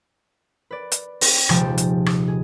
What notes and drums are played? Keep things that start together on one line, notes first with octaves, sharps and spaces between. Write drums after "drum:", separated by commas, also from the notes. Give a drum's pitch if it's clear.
B4 D5
drum: hi-hat
C4, drum: open hi-hat
D#1 C3 F3 G#3 G4 A5, drum: rim click
drum: hi-hat
drum: rim click
G#4